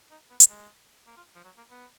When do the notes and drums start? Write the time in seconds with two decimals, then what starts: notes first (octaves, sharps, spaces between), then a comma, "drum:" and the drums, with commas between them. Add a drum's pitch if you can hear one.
0.11 D#4
0.30 B3
0.40 drum: hi-hat
0.50 G#3
1.07 A#3
1.17 F4
1.35 F3
1.45 F#3
1.57 A#3
1.70 B3